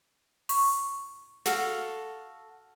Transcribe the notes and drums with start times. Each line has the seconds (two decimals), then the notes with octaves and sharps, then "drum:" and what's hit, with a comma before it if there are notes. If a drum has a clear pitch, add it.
0.49 C#6, drum: open hi-hat
1.46 F#4 A4 F5, drum: snare